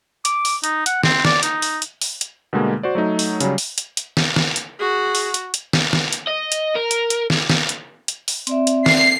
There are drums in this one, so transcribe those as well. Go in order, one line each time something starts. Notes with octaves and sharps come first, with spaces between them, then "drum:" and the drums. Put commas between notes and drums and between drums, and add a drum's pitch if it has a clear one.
D6, drum: hi-hat
drum: open hi-hat
D#4, drum: hi-hat
F#5, drum: hi-hat
C4, drum: snare
D5, drum: snare
D#4, drum: hi-hat
drum: open hi-hat
drum: hi-hat
drum: open hi-hat
drum: hi-hat
B2 D3 G3 G#3 A#3
F#4 C5 D5
F#3 A3 D#4
drum: open hi-hat
C#3 F#3 G3, drum: hi-hat
drum: open hi-hat
drum: hi-hat
drum: hi-hat
drum: snare
drum: snare
drum: hi-hat
F#4 G#4
drum: open hi-hat
drum: hi-hat
drum: hi-hat
drum: snare
drum: snare
drum: hi-hat
D#5
drum: hi-hat
A#4
drum: hi-hat
drum: hi-hat
drum: snare
drum: snare
drum: hi-hat
drum: hi-hat
drum: open hi-hat
C4 D5 E5, drum: hi-hat
drum: hi-hat
C7, drum: snare